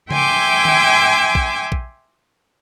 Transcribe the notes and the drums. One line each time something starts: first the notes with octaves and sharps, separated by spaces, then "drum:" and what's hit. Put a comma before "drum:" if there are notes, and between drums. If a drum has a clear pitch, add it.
E5 G5 G#5 C6 D6 E6, drum: tom C#3
drum: tom D#3
drum: kick A#1
drum: kick A#1